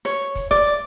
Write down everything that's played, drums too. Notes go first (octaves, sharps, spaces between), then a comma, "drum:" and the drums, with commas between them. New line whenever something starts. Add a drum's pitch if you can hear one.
C#5, drum: hi-hat
drum: kick, hi-hat
D5, drum: kick, hi-hat
drum: hi-hat